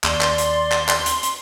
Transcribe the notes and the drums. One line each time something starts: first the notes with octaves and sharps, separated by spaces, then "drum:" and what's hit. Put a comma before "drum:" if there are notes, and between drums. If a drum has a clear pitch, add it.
D#2 D5 C6, drum: clap
drum: clap
drum: hi-hat
drum: clap
drum: clap
drum: hi-hat
drum: hi-hat